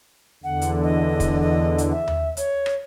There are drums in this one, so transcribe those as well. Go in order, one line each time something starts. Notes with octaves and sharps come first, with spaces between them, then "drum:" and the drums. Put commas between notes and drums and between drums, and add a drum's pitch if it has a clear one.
E2 D3 F#5
drum: hi-hat
D#5
drum: kick, hi-hat
D#5
drum: hi-hat
E5
drum: tom D#2
C#5, drum: hi-hat
drum: rim click